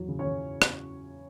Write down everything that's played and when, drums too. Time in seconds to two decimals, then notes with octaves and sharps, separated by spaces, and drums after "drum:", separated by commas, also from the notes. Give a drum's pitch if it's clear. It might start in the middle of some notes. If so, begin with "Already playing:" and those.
Already playing: E2 F#3
0.08 C#3
0.19 C#4 C#5
0.25 C#3
0.62 drum: rim click